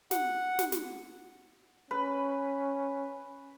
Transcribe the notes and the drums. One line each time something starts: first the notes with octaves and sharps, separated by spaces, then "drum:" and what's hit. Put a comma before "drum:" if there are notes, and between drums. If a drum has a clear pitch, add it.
F#5, drum: snare
drum: snare
drum: snare
C#4 B4